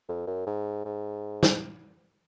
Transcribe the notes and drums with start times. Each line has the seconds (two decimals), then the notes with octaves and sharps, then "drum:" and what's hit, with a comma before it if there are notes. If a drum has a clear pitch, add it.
0.09 F2
0.27 F#2
0.46 G#2
0.85 G#2
1.43 drum: snare